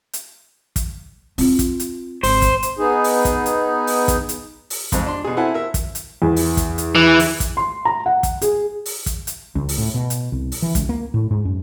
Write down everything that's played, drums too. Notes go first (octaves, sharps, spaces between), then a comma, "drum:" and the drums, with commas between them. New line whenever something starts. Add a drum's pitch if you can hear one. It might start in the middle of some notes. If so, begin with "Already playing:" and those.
drum: hi-hat
drum: kick, hi-hat
C4 F4, drum: open hi-hat
drum: kick, hi-hat
drum: hi-hat
G#1 C5, drum: open hi-hat
drum: kick, hi-hat
drum: hi-hat
B3 D#4 G#4
drum: open hi-hat
drum: kick, hi-hat
drum: hi-hat
drum: open hi-hat
drum: kick, hi-hat
drum: hi-hat
drum: open hi-hat
F2 G#2, drum: kick, hi-hat
D4 C6
B2 G#4
C4 E4 A4 F#5 G#5
A#4 E5
drum: kick, hi-hat
drum: hi-hat
E2
drum: open hi-hat
drum: kick, hi-hat
drum: hi-hat
E3
drum: open hi-hat
drum: kick, hi-hat
C6
A#5
F#5
drum: kick, hi-hat
G#4, drum: hi-hat
drum: open hi-hat
drum: kick, hi-hat
drum: hi-hat
C#2
drum: open hi-hat
A2
B2
drum: hi-hat
C2
drum: open hi-hat
E3
C#2, drum: kick, hi-hat
A#3
A2
G#2
F#2